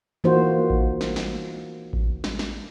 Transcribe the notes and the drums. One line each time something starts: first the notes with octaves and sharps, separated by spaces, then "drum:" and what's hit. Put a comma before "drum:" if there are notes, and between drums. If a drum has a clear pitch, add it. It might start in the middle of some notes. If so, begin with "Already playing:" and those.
E3 A#3 D#4 F4 F#4 C5
drum: kick A1
drum: snare
drum: snare
drum: kick A1
drum: snare
drum: snare